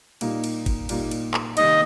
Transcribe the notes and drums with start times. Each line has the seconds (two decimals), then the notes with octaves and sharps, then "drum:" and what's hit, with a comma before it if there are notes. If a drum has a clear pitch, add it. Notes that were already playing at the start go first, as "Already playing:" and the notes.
0.21 A#2 G3 A#3 D#4, drum: cymbal
0.44 drum: cymbal
0.66 drum: kick, cymbal
0.89 A#2 G3 A#3 D#4, drum: cymbal
1.11 drum: cymbal
1.34 drum: clap
1.57 C3 D#3 G3 A#3 D#4 D#5, drum: cymbal